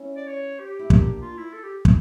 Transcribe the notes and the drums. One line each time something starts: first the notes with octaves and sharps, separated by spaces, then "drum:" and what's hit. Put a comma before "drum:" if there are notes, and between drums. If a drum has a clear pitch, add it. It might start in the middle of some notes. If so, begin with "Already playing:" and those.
Already playing: C#4 E4
D5
C#5
G4
E4
A#3 D4, drum: kick
F4
E4
A4
G4
drum: kick